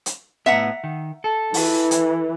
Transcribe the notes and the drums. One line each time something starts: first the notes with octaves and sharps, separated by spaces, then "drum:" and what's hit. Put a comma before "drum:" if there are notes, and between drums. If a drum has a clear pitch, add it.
drum: hi-hat
A2 B3 E5 F#5 A#5
D#3
A4
E3, drum: open hi-hat
drum: hi-hat